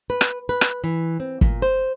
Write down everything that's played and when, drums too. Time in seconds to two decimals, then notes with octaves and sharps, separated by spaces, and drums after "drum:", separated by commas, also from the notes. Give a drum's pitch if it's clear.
0.10 B4
0.21 drum: rim click
0.49 B4
0.61 drum: rim click
0.84 E3
1.20 C4
1.41 A#2, drum: kick
1.62 C5